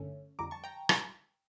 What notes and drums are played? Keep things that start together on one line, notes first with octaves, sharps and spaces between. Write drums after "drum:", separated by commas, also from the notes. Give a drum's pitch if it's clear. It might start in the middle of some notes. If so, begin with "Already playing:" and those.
Already playing: G1 G2 D3 A3 C#4
F2 D3 G3 A#5 D6
A5 C#6
G5 A#5
drum: rim click